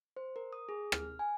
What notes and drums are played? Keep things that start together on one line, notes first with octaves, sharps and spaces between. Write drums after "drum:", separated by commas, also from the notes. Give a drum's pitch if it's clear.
C5
A#4
D#6
G#4
F6, drum: rim click
G#5